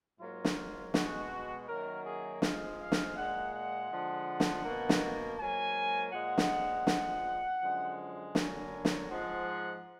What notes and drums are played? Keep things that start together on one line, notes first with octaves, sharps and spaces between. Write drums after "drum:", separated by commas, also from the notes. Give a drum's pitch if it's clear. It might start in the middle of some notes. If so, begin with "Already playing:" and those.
G#2 F#3 A#3 F4
drum: snare
B2 G#3 F#4, drum: snare
F#2 D#3 F#3 A#3 A#4
G#4
G#2 F3 G#3 F5, drum: snare
F5
drum: snare
A#2 G#3 F#5
F#5
D3 F3 G#3
drum: snare
B2 A#3
drum: snare
G#2 F#3 A#3 G#5
A#2 F3 G#3 F#5
drum: snare
A#2 F3 G#3, drum: snare
F#2 D3 F3 G#3
D3 F#3 A#3 G#5, drum: snare
drum: snare
G#2 F3 G#3 F#5